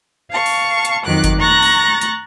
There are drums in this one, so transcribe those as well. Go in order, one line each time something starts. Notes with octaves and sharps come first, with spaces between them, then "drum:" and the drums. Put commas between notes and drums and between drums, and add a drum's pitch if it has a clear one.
F5 A5 C#6
drum: open hi-hat
drum: hi-hat
F2 D#3 F#3 D6 F#6
drum: kick G1, hi-hat
A#5 C#6 F#6 A6 A#6
drum: open hi-hat
drum: hi-hat